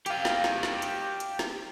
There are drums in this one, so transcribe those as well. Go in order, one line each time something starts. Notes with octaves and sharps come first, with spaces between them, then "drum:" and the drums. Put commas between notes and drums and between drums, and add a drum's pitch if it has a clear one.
G4 F5, drum: hi-hat
drum: snare
drum: snare
drum: snare
drum: hi-hat
drum: hi-hat
drum: snare